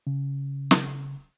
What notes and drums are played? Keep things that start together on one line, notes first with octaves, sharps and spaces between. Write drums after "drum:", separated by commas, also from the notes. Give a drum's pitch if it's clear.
C#3
drum: snare